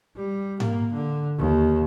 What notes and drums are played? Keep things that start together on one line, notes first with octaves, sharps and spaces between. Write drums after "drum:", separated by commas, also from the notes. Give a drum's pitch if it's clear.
G3
A#3, drum: tom G#2
D3
D#2